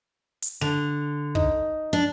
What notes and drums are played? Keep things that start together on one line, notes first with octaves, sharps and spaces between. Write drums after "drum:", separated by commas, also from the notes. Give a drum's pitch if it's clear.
drum: hi-hat
D3 F7
D#4, drum: kick
D4